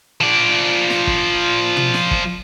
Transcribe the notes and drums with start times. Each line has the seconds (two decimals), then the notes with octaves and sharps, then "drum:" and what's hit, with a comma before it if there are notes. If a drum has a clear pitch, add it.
0.21 F3 D5
0.90 drum: snare
1.07 drum: kick F#1
1.77 drum: tom
1.94 drum: snare
2.11 drum: kick F#1